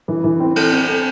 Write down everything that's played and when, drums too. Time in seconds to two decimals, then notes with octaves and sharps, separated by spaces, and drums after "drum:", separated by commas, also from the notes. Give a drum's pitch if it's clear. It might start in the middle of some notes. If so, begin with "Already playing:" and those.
0.08 E3
0.24 E3
0.40 C4
0.56 A4, drum: cymbal
0.72 C4
0.88 A4